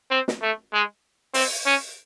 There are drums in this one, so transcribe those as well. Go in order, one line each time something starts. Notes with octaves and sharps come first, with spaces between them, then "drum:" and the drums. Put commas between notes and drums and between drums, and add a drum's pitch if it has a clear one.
C4
drum: snare
A3
G#3
C4, drum: open hi-hat
C#4